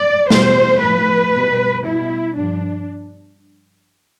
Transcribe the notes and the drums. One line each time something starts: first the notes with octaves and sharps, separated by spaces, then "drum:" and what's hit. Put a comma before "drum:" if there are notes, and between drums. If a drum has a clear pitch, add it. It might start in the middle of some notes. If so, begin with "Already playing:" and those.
Already playing: D5
E2 B2 G3 C5, drum: snare
A2 F3 B4
B2 G3
B2 G3 E4
G2 F3 D4